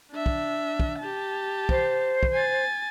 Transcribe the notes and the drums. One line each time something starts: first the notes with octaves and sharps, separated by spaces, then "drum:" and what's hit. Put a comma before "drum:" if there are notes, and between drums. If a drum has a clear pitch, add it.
D4 E5
drum: kick
drum: kick
G4 A5
C5, drum: kick
drum: kick
G#5 A6